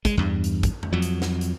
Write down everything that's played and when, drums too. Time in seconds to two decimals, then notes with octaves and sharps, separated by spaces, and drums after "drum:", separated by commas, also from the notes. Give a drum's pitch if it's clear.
0.05 G#3, drum: kick, hi-hat
0.17 E2 G2
0.44 drum: hi-hat
0.63 drum: kick, hi-hat
0.83 drum: tom F2
0.93 F2 F#3
1.02 drum: hi-hat
1.22 drum: snare
1.41 drum: hi-hat